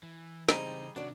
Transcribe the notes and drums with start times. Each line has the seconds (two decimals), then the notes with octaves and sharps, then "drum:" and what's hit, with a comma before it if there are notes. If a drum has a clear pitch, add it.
0.03 E3
0.49 C#3 E3 G3 G#3 C4 D#4 G#4, drum: snare
0.96 C3 D#3 D4 F#4 C#5 D5